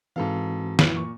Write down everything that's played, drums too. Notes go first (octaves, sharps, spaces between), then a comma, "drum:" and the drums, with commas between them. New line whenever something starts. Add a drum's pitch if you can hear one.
G#2 E3 C4 F#4 A4 F5
D1 F#2 E3 E4, drum: snare
A#2 C#6